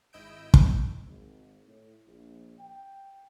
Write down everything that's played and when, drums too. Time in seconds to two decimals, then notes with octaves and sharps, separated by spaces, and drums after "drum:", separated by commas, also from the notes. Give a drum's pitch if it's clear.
0.13 G#1 E4 D#5 E6 G6 D7
0.54 drum: kick
1.06 G#1
1.67 A2
2.07 A#1
2.59 G5